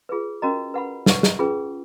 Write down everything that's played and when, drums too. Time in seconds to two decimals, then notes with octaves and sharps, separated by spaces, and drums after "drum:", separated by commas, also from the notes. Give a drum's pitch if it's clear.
0.09 F4 G#4 B4
0.42 C#4 F#4 A#4 D#5 A#5
0.74 B4 F#5 B5
1.06 B4 F#5 C#6, drum: snare
1.23 drum: snare
1.39 C#4 F4 G#4 B4